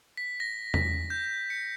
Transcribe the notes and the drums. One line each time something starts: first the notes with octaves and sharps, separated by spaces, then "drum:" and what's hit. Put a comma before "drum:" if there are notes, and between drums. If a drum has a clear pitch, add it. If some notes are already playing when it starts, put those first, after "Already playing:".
B6
A#6
B6, drum: tom E2
G6
C#7